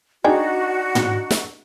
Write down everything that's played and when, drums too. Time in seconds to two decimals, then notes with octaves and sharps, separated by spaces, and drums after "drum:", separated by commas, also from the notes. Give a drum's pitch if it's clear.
0.24 D4 D#4 F#4 G#4 G5
0.95 drum: tom
1.31 drum: snare